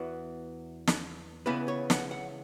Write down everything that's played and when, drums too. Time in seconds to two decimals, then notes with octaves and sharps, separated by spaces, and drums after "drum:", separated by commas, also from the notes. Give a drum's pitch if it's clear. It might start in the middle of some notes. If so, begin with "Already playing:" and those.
Already playing: E2 E3 B3 F#4
0.87 drum: snare
1.46 C#2 C#3 E3 B3 B4
1.68 C#5
1.90 F#5, drum: snare
2.11 F#5